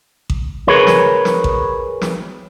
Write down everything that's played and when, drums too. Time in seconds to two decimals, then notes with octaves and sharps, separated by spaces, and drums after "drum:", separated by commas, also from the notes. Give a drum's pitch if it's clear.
0.30 drum: kick A1
0.68 G#4 A#4 B4 C#5
0.87 drum: snare
1.25 drum: snare
1.44 drum: kick A1
2.01 drum: snare